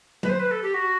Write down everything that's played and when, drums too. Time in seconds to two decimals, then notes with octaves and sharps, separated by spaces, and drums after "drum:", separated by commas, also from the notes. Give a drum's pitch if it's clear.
0.23 B4, drum: tom F#3
0.29 C5
0.40 B4
0.51 A4
0.62 G4
0.74 F#4